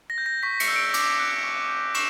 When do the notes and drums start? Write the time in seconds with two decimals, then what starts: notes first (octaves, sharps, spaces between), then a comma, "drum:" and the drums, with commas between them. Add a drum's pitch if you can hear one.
0.10 A#6
0.18 G6
0.26 A#6
0.43 C#6 B6
0.60 C#7, drum: cymbal
0.68 E6 G6
0.76 D7
0.94 D6, drum: cymbal
1.19 F#6
1.44 C#6
1.69 G6
1.95 C#6 E7, drum: cymbal